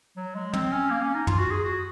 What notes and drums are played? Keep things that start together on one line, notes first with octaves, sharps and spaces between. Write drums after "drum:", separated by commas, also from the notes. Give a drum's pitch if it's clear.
F#3
G#3
C4, drum: tom
C#4
A#3
C#4
D#4
F4, drum: tom
F#4
G#4
F#4